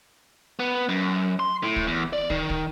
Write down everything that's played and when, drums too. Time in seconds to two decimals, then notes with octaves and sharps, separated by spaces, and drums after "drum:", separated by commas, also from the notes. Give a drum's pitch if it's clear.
0.59 B3
0.89 F#2
1.39 C6
1.63 A2
1.76 drum: kick
1.87 E2
2.13 D5
2.30 D#3, drum: kick
2.50 drum: kick